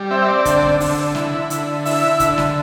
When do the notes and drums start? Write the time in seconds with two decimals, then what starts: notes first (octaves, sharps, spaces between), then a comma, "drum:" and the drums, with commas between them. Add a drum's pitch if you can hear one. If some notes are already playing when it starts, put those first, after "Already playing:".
Already playing: G3
0.11 C4 E5
0.22 E5
0.28 D5
0.45 D3, drum: kick, hi-hat
0.63 drum: kick
0.80 D3, drum: open hi-hat
1.15 E4, drum: snare
1.50 D3, drum: hi-hat
1.85 E4 E5, drum: open hi-hat
2.20 D3, drum: kick, hi-hat
2.38 drum: snare